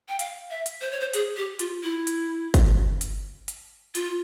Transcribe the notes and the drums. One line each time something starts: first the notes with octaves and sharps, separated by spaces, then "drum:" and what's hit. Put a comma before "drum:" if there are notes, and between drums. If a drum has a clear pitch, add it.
G5
F5, drum: hi-hat
E5
drum: hi-hat
C5
C#5
C5
G#4, drum: hi-hat
G4
F4, drum: hi-hat
E4
drum: hi-hat
drum: kick, hi-hat
drum: hi-hat
drum: hi-hat
F4, drum: hi-hat